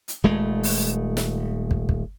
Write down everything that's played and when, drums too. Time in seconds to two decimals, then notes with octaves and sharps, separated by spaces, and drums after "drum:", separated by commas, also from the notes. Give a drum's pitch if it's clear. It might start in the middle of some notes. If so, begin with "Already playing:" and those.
0.08 drum: hi-hat
0.24 D#1 G#3 A3
0.63 drum: open hi-hat
1.17 drum: snare
1.71 drum: kick
1.89 drum: kick